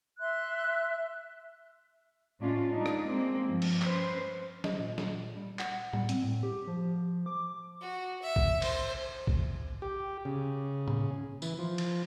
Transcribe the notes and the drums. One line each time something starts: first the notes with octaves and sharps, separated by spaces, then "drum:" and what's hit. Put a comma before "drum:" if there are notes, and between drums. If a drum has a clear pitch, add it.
E5 C6 F#6
A2 G#3 C#4 D4 F4
G3 D4 D#4
drum: rim click
G#3 A#3 C4
G2 F3
drum: cymbal
C#4 B4 C5, drum: clap
D#5, drum: snare
A#2
drum: snare
G3
F#5, drum: clap
G3, drum: tom A2
C4, drum: hi-hat
A2
G4
F3
D6
F#4
E5
drum: kick A1
C5, drum: cymbal
drum: kick A1
G4
C#3
drum: tom A2
E3, drum: tambourine
F3
drum: cymbal